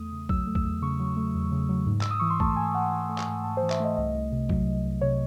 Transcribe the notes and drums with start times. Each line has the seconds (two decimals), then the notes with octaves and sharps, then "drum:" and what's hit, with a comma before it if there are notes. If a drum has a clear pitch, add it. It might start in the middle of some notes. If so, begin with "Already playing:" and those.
Already playing: E2 A3 D#6
0.12 C#3
0.29 F#3 E6, drum: kick
0.47 A3
0.55 E6, drum: kick
0.64 E2
0.82 C#3 C#6
1.00 F#3
1.17 A3
1.35 E2
1.52 C#3
1.69 F#3
1.87 G#2
2.01 G#2 E6, drum: clap
2.11 D#6
2.19 E3 C#6
2.30 C6
2.40 A3 A5, drum: kick
2.56 G#2 G#5
2.74 G#2 F#5
2.92 E3 G#5
3.09 A3
3.18 drum: clap
3.28 G#2
3.44 G#2 A5
3.57 C5
3.63 E3
3.70 E5, drum: clap
3.80 A3 D#5
3.97 C2 D#5
4.14 C2
4.32 C3
4.49 F#3, drum: kick
4.67 C2
4.84 C2
5.01 C3 C#5